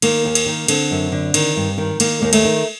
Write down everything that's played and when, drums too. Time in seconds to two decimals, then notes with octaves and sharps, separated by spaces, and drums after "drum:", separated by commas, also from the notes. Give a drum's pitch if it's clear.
0.02 D#3 A#3, drum: cymbal
0.25 D#2
0.35 drum: cymbal
0.46 D#3
0.68 D3 C4, drum: cymbal
0.91 F#2
1.12 D3
1.34 D#3, drum: cymbal
1.56 G2
1.78 D#3
2.00 D#3 A#3, drum: cymbal
2.22 D#2 A#3
2.33 A3, drum: cymbal
2.45 D#3